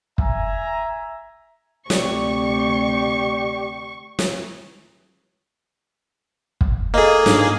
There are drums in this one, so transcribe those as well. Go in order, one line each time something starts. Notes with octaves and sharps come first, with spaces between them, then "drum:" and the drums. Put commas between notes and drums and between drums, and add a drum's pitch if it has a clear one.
E5 G#5 A#5, drum: kick
D2 C3 G4 D5 C#6, drum: snare
drum: snare
drum: kick
A#3 G#4 A4 D#5
G#2 D4, drum: snare